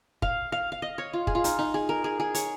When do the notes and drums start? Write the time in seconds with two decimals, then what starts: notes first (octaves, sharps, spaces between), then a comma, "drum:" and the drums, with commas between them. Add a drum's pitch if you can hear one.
0.22 F5, drum: kick
0.52 F5
0.72 F5
0.82 D#5
0.98 C#5
1.13 F4
1.27 G#4, drum: kick
1.35 F4
1.44 D#4, drum: hi-hat
1.59 D#4
1.74 G#4
1.89 A#4
2.04 G#4
2.20 G#4
2.34 C#5, drum: hi-hat